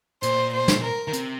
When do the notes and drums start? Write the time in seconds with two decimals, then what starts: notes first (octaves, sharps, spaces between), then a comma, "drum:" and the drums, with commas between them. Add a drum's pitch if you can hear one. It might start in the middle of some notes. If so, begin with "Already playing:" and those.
0.22 A#2 C5, drum: hi-hat
0.53 C5
0.68 drum: snare
0.83 A#4
1.08 D#3
1.13 C3, drum: hi-hat